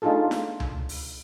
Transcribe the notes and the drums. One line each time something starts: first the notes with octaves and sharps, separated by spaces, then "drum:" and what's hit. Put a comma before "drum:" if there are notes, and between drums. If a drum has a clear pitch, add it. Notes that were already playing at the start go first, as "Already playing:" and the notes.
A3 D4 D#4 F4 G#4 A4
drum: snare
drum: tom C#2
drum: open hi-hat